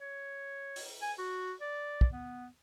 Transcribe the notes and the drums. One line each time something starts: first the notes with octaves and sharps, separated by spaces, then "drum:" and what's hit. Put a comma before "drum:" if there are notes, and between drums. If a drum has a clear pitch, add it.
C#5
drum: open hi-hat
G#5
F#4
D5
drum: kick
B3